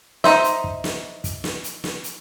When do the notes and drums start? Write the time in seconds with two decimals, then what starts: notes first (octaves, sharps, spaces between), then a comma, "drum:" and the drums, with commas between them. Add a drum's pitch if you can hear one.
0.24 D#4 C5 E5, drum: snare
0.44 drum: hi-hat
0.64 drum: kick
0.84 drum: snare
1.24 drum: kick, hi-hat
1.44 drum: snare
1.64 drum: hi-hat
1.84 drum: snare
2.04 drum: hi-hat